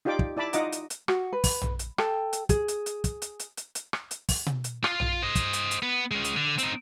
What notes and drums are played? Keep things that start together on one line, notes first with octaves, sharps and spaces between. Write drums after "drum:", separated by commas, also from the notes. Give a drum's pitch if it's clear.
D#4 F4 G4 D5 G5 D6
drum: kick
E4 D5 A5 B5 D6
D#4 F4 D#5 F#5 A#5 D6, drum: hi-hat
drum: hi-hat
drum: hi-hat
F#4, drum: rim click
B4
drum: kick, open hi-hat
drum: tom A#1
drum: hi-hat
A4 G5, drum: rim click
drum: hi-hat
G#4, drum: kick, hi-hat
drum: hi-hat
drum: hi-hat
drum: kick, hi-hat
drum: hi-hat
drum: hi-hat
drum: hi-hat
drum: hi-hat
drum: rim click
drum: hi-hat
drum: kick, open hi-hat
drum: tom B2
drum: hi-hat
F4, drum: rim click
drum: tom A#1
C5 D#5
drum: kick, hi-hat
drum: hi-hat
drum: hi-hat
B3
G#3 C#4
drum: hi-hat
D3
C4 D#4, drum: hi-hat